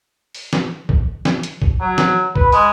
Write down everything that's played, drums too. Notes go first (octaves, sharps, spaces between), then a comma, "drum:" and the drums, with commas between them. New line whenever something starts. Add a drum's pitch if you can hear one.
drum: open hi-hat
drum: snare
drum: kick
drum: snare
drum: hi-hat
drum: kick
F#3
drum: snare
B4, drum: kick
G#3, drum: open hi-hat